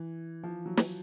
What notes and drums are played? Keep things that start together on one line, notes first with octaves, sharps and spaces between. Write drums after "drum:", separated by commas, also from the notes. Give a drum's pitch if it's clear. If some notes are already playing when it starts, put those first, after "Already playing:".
Already playing: E3
F3
F#3
drum: snare